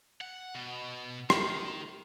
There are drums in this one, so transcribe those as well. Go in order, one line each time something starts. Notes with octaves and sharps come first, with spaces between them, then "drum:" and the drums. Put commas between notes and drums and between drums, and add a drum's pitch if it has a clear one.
F#5
B2
D#3, drum: rim click